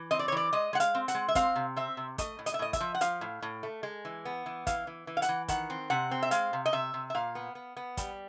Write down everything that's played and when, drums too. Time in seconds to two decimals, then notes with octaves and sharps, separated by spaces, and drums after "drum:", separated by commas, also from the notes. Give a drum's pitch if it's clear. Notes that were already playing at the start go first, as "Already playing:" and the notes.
Already playing: E3
0.11 C4 D#5
0.19 D5
0.28 C#5
0.32 E3 D5
0.53 G#3 D#5
0.73 G#3 F#5
0.80 F5, drum: hi-hat
0.95 C4
1.08 F#5, drum: hi-hat
1.15 G#3
1.28 E5
1.35 C4 F5, drum: kick, hi-hat
1.56 C3
1.77 C4 E5
1.97 C3
2.18 A3 D#5, drum: kick, hi-hat
2.39 A2
2.46 D#5, drum: hi-hat
2.54 E5
2.59 A2 D#5
2.73 E5, drum: kick, hi-hat
2.81 F3
2.95 F#5
3.01 F3 F5, drum: hi-hat
3.21 A2
3.42 A2
3.63 A3
3.83 G#3
4.05 E3
4.25 B3
4.46 E3
4.67 E3 F5, drum: kick, hi-hat
4.87 E3
5.07 E3
5.17 F5
5.22 F#5, drum: hi-hat
5.29 E3
5.48 D#3 F#5, drum: kick, hi-hat
5.70 C4
5.90 C3 F#5
6.11 C4
6.23 E5
6.31 G#3 F5, drum: hi-hat
6.53 C3
6.66 D#5
6.73 C3 E5
6.94 C3
7.10 E5
7.15 A#2 F5
7.35 B3
7.55 B3
7.77 B3
7.97 G3, drum: kick, hi-hat